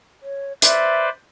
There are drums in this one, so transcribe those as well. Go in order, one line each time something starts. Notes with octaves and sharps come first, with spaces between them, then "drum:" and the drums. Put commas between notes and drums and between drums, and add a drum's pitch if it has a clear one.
C#5
B4 C5 D5 E5, drum: hi-hat